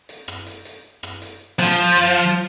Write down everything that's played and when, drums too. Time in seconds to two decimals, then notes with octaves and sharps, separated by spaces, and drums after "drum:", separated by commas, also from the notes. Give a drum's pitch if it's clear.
0.09 drum: hi-hat
0.28 drum: rim click
0.47 drum: hi-hat
0.65 drum: hi-hat
1.03 drum: rim click
1.22 drum: hi-hat
1.59 F3, drum: hi-hat
1.78 drum: hi-hat
1.97 drum: rim click